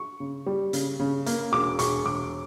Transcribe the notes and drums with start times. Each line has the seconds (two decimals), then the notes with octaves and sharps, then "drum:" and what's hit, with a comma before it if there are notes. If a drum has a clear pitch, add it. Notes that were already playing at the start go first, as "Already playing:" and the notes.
Already playing: C#6
0.20 C#3
0.46 G3
0.73 C#3, drum: hi-hat
1.00 C#3
1.26 A#3, drum: hi-hat
1.52 E1 D6
1.79 E1 C#6, drum: hi-hat
2.05 E1 D6